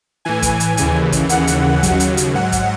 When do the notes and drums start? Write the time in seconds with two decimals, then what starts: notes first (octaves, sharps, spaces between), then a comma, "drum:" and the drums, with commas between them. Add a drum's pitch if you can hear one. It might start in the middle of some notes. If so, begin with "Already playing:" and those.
0.25 A2 E3 G#5
0.42 drum: kick, hi-hat
0.60 drum: hi-hat
0.77 D#2 C#3 E3, drum: hi-hat
1.12 drum: kick, hi-hat
1.29 D#2 C#3 E3 F#5, drum: hi-hat
1.47 drum: hi-hat
1.83 D#2 C#3 F#3, drum: kick, hi-hat
2.00 drum: hi-hat
2.17 drum: hi-hat
2.34 G#2 F#3 F#5
2.52 drum: kick, hi-hat